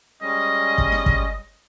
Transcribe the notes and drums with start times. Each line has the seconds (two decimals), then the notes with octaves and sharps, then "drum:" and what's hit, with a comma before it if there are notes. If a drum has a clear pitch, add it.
0.22 G3 G#3 C#4 D#5
0.78 drum: kick
0.92 drum: snare
1.06 drum: kick